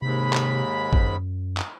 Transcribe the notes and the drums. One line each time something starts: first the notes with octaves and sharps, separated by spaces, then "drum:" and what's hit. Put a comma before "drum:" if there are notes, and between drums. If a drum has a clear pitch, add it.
D#2 G#2 C3 B5
drum: clap
F#2, drum: kick
drum: clap